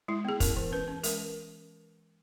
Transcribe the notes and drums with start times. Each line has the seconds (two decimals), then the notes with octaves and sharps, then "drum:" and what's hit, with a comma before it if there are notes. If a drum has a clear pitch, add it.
0.08 G#3 E4
0.25 B3 G#4
0.40 C#4 A#4, drum: kick, hi-hat
0.56 E3
0.72 C#4 B4
0.88 C#4
1.04 G#3 A#4, drum: hi-hat